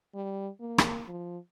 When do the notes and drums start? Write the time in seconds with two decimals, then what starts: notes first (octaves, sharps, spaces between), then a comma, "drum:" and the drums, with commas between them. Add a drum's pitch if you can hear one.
0.14 G3
0.60 A#3
0.78 drum: rim click
1.07 F3